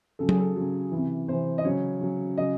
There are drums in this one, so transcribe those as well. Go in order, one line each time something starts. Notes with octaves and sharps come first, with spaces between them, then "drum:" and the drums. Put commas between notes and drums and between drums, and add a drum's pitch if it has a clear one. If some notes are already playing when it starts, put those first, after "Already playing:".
C#3 F#3 A4
G#4, drum: tom F#3
A4
C#3 F#3
C3 E3
C3 E3 C5
D#5
C#3 F#3 C#5
C#3 F#3
C#3 F#3 D#5